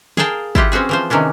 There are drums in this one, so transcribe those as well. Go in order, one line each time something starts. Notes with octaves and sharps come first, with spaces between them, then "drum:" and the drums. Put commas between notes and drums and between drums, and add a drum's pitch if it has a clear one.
G#4 A#4 F5 G5 A5 A#5, drum: snare
E4 F4 G4 F#5, drum: kick
E3 C4 C#4 F#4 G#4
E3 F3 C5
C3 D#3 E3 C#4 D4